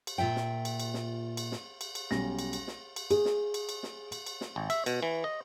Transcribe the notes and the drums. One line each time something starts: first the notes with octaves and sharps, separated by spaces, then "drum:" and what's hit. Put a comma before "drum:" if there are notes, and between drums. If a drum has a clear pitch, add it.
drum: cymbal
A#2 F4 E5 G5
drum: snare
drum: cymbal
drum: cymbal
drum: snare
drum: cymbal
drum: snare
drum: cymbal
drum: cymbal
B1 G3 C#4 A#6, drum: snare
drum: cymbal
drum: cymbal
drum: snare
drum: cymbal
G#4, drum: cymbal
drum: snare
drum: cymbal
drum: cymbal
drum: snare
drum: cymbal
drum: cymbal
drum: snare
G#1
E5, drum: cymbal
B2, drum: cymbal
E3
D#5